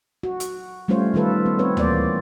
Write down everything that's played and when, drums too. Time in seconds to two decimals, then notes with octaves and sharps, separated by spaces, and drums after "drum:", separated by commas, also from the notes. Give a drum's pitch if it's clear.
0.23 F#4
0.40 drum: hi-hat
0.88 G3 A3 C#4 F4 C5 C#5
1.14 D#3 G3 F4 A4 B4
1.46 B3
1.59 C4 B4 C#5
1.77 E3 A#3 C5 D5, drum: tom D2